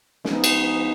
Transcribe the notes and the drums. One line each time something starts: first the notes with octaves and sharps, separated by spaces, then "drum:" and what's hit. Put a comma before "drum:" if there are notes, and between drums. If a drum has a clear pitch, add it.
F3 G#3 B3 D#4 G#4, drum: snare
drum: cymbal